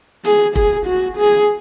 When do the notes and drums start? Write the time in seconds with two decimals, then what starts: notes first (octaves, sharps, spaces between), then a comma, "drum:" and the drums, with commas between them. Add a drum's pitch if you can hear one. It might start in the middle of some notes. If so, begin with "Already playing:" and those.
0.25 G#4, drum: hi-hat
0.55 G#4, drum: kick
0.86 F#4
1.17 G#4